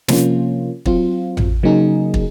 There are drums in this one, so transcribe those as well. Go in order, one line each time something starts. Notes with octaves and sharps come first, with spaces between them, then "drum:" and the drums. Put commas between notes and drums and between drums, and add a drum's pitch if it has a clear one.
C3 F3 A#3 C#4 F4, drum: snare
F#3 C4 F4, drum: kick
drum: tom A1
C#3 F#3 A#3 D#4 G#4
drum: kick